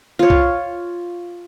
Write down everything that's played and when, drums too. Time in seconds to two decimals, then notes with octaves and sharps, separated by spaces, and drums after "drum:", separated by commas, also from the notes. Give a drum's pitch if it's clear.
0.19 F4 C#5
0.30 drum: kick B1